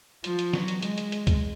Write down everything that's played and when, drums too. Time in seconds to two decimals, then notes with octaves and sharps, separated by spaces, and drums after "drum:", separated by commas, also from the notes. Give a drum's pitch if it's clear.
0.24 F3, drum: hi-hat
0.39 drum: hi-hat
0.53 F#3, drum: snare
0.68 drum: hi-hat
0.82 G#3, drum: hi-hat
0.98 drum: hi-hat
1.12 drum: hi-hat
1.27 drum: kick C#2, hi-hat